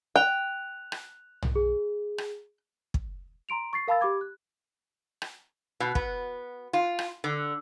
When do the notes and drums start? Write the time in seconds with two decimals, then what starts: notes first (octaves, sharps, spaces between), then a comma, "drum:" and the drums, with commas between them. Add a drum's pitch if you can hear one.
0.16 G5 F#6 F7
0.92 drum: rim click
1.42 drum: tom
1.56 G#4
2.18 drum: rim click
2.94 drum: kick
3.49 A#5 C6 D7 F7
3.73 C#6 A6 C7
3.88 A#4 F5 A5 B5 E6 A6
4.01 G4 B5 D6 G#6
4.21 F#6
5.22 drum: rim click
5.80 B2
5.95 B3, drum: kick
6.73 F4
6.99 drum: rim click
7.24 D3